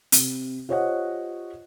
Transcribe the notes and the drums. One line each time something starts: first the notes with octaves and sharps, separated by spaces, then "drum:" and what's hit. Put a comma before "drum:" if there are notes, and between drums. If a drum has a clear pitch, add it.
C3, drum: hi-hat
F4 G4 C5 C#5 D#5 F#5